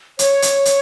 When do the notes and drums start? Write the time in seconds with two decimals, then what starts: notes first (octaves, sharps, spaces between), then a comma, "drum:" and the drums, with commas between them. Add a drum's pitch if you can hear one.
0.19 C#5, drum: hi-hat
0.42 drum: hi-hat
0.65 drum: hi-hat